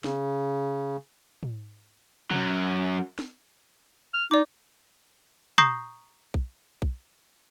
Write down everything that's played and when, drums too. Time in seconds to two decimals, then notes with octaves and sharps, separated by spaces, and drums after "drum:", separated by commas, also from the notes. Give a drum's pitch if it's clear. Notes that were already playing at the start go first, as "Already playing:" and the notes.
0.04 C#3, drum: snare
1.43 drum: tom
2.31 F#2 F#3, drum: tom
3.19 drum: snare
4.14 F6
4.31 D#4 D5 D6
5.58 A#5 C#6 D#6 G6 A#6 C7, drum: tom
6.34 drum: kick B1
6.82 drum: kick B1